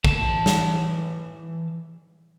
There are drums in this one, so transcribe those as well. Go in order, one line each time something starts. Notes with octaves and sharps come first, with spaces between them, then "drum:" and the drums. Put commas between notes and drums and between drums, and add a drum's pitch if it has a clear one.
E3 A5, drum: kick
drum: snare